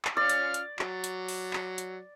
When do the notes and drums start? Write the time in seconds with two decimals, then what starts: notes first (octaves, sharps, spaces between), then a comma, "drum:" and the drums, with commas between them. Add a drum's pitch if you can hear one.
0.05 drum: clap
0.17 C#4 F4 D5 F6
0.29 drum: hi-hat
0.54 drum: hi-hat
0.79 F#3, drum: clap
1.04 drum: hi-hat
1.29 drum: open hi-hat
1.53 drum: clap
1.78 drum: hi-hat